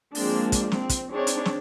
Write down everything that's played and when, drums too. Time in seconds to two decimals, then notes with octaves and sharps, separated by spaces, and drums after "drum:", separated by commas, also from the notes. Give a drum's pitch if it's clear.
0.15 F3 G#3 A#3 C4 D4, drum: open hi-hat
0.52 drum: kick, hi-hat
0.72 C4, drum: snare
0.89 drum: kick, hi-hat
1.12 C4 D4 D#4 G#4 C#5
1.27 drum: hi-hat
1.45 drum: snare